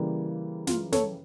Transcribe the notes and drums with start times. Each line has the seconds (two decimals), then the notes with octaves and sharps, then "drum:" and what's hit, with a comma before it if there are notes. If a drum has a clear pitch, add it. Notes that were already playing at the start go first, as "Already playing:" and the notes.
Already playing: C#3 E3 G3 A#3
0.67 F4, drum: snare
0.92 A4 C#5, drum: snare